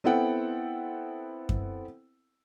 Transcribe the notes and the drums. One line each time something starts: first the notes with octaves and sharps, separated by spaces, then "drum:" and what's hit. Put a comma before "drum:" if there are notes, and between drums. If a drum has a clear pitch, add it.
B3 C4 E4 A4 F#5 G5
drum: kick F#2